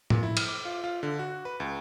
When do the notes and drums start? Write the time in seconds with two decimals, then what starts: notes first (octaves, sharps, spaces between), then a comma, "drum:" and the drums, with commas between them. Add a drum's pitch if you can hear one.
0.10 A#2, drum: tom A2
0.23 E4
0.37 F6, drum: cymbal
0.49 D6
0.65 F4
0.84 F4
1.03 D3
1.19 F#4
1.45 B4
1.60 C#2